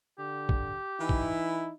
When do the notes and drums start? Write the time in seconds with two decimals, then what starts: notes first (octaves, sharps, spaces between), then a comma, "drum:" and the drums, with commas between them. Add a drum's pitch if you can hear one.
0.19 D3 G4
0.49 drum: kick
1.00 E3 D#4 E4
1.09 drum: kick